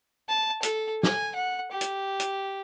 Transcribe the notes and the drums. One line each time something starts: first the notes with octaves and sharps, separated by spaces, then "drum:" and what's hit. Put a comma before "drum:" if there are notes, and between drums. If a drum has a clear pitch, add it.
A5
A4, drum: hi-hat
G#5, drum: snare
F#5
G4
drum: hi-hat
drum: hi-hat